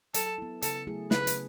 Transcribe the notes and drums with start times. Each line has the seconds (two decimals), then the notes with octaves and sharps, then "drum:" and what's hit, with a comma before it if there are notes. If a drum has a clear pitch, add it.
0.14 F#3 A4, drum: hi-hat
0.38 B3 E4
0.62 C#3 A4, drum: hi-hat
0.87 F#3 A3 E4 G#4
1.11 C#3 B4, drum: snare
1.27 drum: hi-hat